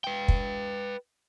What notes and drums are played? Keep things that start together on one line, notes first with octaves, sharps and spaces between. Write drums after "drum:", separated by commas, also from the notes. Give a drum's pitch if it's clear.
B4 G5
drum: kick